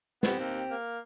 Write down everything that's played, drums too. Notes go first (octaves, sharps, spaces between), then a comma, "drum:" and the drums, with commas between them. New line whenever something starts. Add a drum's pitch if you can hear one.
B3 C4 G4, drum: snare
D#2
A#3